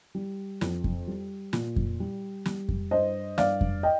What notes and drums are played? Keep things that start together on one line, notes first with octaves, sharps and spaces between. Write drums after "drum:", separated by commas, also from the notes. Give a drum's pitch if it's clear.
G3
F2, drum: snare
drum: kick F2
G3
A#2, drum: snare
drum: kick F2
G3
G3, drum: snare
drum: kick F2
G2 C5 D#5
G2 D5 F5, drum: snare
drum: kick F2
D#5 G5